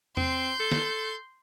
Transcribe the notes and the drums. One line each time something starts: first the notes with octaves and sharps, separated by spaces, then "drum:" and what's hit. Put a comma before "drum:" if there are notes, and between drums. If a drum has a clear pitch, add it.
C4 C6 G6, drum: tom E2
A4
drum: snare